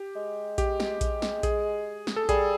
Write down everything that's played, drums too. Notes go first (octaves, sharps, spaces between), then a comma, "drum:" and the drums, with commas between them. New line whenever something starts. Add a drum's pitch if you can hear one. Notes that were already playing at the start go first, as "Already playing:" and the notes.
Already playing: G4
G#3
G4, drum: kick A#1, hi-hat
drum: snare
drum: kick A#1, hi-hat
drum: snare
G#4, drum: kick A#1, hi-hat
drum: snare
A4
G3 G#4, drum: kick A#1, hi-hat